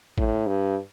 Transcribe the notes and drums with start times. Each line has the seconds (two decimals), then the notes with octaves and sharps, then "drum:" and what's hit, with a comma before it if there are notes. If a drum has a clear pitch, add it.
0.18 A2, drum: kick
0.47 G2